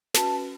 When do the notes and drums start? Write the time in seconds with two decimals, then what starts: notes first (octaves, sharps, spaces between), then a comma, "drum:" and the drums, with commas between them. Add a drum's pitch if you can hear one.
0.14 C#4 F#4 B4 A5, drum: snare